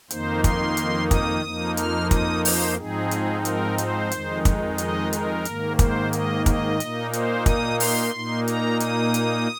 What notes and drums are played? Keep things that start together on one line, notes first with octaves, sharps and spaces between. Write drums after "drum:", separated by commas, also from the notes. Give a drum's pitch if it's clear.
F2 D#3 A#3 D#4 C5, drum: hi-hat
C6, drum: kick, hi-hat
drum: hi-hat
D#6, drum: kick, hi-hat
F2 F3 A#3 D#4
F6, drum: hi-hat
D#6, drum: kick, hi-hat
C5, drum: open hi-hat
G#2 F3 C4 D#4 G#4
drum: hi-hat
A#4, drum: hi-hat
C5, drum: hi-hat
F2 D#3 G#3 D#4, drum: hi-hat
drum: kick, hi-hat
D#5, drum: hi-hat
A#4, drum: hi-hat
G#2 D#3 A#3, drum: hi-hat
C5, drum: kick, hi-hat
D#5, drum: hi-hat
D#5, drum: kick, hi-hat
A#2 A#3 D#4, drum: hi-hat
C5, drum: hi-hat
D#6, drum: kick, hi-hat
C6, drum: open hi-hat
A#2 A#3 D#4
A#5, drum: hi-hat
D#6, drum: hi-hat
drum: hi-hat